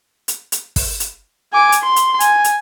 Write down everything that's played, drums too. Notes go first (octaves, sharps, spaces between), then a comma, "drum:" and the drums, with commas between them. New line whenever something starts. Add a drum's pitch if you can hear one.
drum: hi-hat
drum: hi-hat
drum: kick, open hi-hat
drum: hi-hat
G#5 D6
drum: hi-hat
C6
drum: hi-hat
G#5, drum: hi-hat
drum: hi-hat